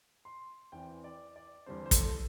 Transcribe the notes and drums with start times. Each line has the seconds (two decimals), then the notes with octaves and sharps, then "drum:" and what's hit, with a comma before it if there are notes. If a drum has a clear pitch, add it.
0.25 C6
0.72 E2 E3 C4 G5
1.04 D5
1.36 D5
1.66 E2 D3 G3 C4 C5
1.86 C5
1.91 A4, drum: kick, hi-hat